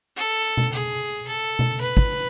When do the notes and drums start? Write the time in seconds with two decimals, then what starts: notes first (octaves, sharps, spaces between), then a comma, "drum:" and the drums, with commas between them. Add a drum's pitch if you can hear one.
0.17 A4
0.57 drum: tom B2
0.73 G#4
1.27 A4
1.59 drum: tom B2
1.81 B4
1.97 drum: kick